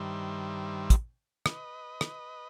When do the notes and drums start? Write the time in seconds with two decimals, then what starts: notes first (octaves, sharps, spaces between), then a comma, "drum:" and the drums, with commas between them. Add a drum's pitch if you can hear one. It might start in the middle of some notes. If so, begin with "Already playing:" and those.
Already playing: G2 D#3 G3 C5 E5
0.90 drum: kick, hi-hat
1.46 B4 D#5, drum: rim click
2.01 drum: rim click